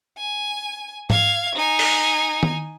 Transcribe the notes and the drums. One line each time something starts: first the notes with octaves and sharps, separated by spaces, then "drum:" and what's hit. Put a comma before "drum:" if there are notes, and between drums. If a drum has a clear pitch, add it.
G#5
F5 G#6, drum: tom G#2
D#4 G#5
drum: open hi-hat
drum: tom D#3